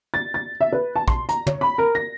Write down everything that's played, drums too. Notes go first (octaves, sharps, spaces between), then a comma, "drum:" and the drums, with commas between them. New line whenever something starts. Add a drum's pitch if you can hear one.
A6
A6
E5
B4
A5
C6, drum: kick
A#5, drum: hi-hat
C#5, drum: tom
B5
A#4
A#6